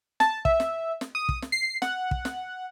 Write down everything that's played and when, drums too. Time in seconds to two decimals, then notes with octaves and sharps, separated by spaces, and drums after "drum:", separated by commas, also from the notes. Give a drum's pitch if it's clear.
0.20 A5, drum: snare
0.45 E5, drum: kick
0.60 drum: snare
1.01 drum: snare
1.15 D#6
1.29 drum: kick
1.42 drum: snare
1.52 C7
1.82 F#5, drum: snare
2.11 drum: kick
2.25 drum: snare